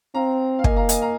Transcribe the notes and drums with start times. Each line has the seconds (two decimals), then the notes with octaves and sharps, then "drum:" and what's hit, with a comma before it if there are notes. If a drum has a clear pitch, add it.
0.15 C4 F5 A#5
0.59 F5
0.64 A#3 D#5 G#5, drum: kick
0.76 F5 A#5
0.89 D#5 G#5, drum: hi-hat
1.02 F5 A#5